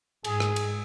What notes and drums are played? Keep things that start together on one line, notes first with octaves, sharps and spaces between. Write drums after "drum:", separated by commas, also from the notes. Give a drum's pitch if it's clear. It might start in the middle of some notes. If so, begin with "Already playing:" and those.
G#2 G#4, drum: cymbal
drum: rim click
drum: cymbal